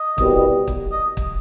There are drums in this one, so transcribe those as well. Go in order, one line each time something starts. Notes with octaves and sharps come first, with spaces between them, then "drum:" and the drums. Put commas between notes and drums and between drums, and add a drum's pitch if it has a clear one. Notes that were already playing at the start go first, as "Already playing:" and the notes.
Already playing: D#5
C2 B2 G3, drum: kick
drum: kick
D#5
drum: kick